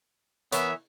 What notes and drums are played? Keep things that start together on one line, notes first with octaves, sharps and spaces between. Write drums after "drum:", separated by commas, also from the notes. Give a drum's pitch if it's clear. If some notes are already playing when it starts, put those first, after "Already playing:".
E3 B3 A#4 C#5 E5, drum: hi-hat